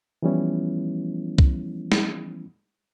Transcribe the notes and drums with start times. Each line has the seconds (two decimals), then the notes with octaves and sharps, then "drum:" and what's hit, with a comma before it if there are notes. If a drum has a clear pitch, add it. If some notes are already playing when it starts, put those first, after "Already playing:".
0.22 E3 F3 G3 B3 C#4 E4
1.38 drum: kick C2
1.92 drum: snare